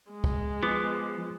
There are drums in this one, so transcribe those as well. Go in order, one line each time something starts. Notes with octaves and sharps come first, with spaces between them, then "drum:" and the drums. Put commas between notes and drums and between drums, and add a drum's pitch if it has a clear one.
G#3
drum: kick
F3 B3 F4 D6